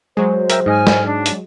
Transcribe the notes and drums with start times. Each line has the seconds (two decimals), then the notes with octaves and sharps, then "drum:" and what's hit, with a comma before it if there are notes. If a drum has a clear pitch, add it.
0.17 F#3 G#3 C5
0.50 A#4 E5 G5, drum: hi-hat
0.66 G#2 D#5 G#5 F6
0.87 drum: snare
1.06 D4
1.26 drum: hi-hat